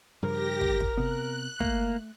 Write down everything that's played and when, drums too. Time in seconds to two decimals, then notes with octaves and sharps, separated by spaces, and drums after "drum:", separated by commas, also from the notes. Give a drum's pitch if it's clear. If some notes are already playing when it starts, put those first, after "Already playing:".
0.23 G2 C#3 F3 G4 A#4 A#6
0.61 drum: kick
0.80 drum: kick
0.97 C3 B3 F#6
1.60 A3 A#3, drum: kick